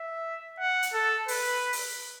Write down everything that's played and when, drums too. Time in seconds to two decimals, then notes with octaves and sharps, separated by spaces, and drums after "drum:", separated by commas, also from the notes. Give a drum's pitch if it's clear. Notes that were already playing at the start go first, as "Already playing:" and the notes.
Already playing: E5
0.60 F#5
0.83 drum: hi-hat
0.93 A4
1.28 B4, drum: open hi-hat
1.73 drum: open hi-hat